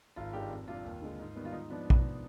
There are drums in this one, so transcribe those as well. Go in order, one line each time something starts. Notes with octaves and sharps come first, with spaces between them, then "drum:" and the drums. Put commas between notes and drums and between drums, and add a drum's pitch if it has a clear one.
G#1 F4
G2 D#3 G#3 D4 G4
F2
C3 G3 D4 F4
D#2
D3 G#3
G#2
D#3 G3 B3
F4
G#2 D#4
F3 B3 D4
drum: kick A#1